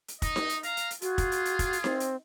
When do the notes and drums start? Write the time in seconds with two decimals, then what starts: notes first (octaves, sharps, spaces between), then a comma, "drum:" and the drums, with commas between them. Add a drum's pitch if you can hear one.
0.08 drum: hi-hat
0.22 D#4 D#5, drum: kick, hi-hat
0.36 drum: snare D#4
0.49 drum: hi-hat
0.63 F5 A#5, drum: hi-hat
0.77 drum: hi-hat
0.91 drum: hi-hat
1.02 F4 F#4 G#4, drum: hi-hat
1.18 drum: kick, hi-hat
1.32 drum: hi-hat
1.45 drum: hi-hat
1.59 drum: kick, hi-hat
1.73 drum: hi-hat
1.84 C4, drum: snare D#4
2.00 drum: hi-hat